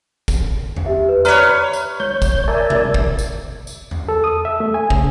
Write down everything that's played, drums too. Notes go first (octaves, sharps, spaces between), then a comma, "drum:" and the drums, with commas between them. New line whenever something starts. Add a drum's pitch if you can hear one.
drum: kick, tambourine
drum: tom E2
G4 E5
B4
B4 C#5 D5 A#5 F6, drum: tambourine
drum: tambourine
C#5 G6, drum: tom G#3
drum: kick, tambourine
A#4 D5 E5 G#5 A5
drum: tom B2
drum: kick
drum: tambourine
drum: tambourine
drum: tom E2
A4
D#6
E5
A3
G#5
C#3, drum: kick